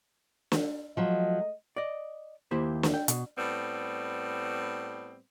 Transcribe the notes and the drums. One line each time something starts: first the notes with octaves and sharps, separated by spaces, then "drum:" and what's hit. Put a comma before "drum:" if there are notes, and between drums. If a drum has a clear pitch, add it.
drum: snare
F3 F#3 G#3 A3 D#5
D5 D#5
D#2 A#3 E4 G4 C5
drum: snare
G5
B2, drum: hi-hat
A2 G3 B3 C4